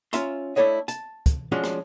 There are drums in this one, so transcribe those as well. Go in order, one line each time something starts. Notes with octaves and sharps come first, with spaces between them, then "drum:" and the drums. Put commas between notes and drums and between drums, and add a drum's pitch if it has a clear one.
C#4 F4 E5 A#5 C6, drum: hi-hat
A3 D4 E4 A4 C#5 D#5
A5, drum: hi-hat
drum: kick, hi-hat
F3 G#3 C#4 D4 F4 F#4
drum: rim click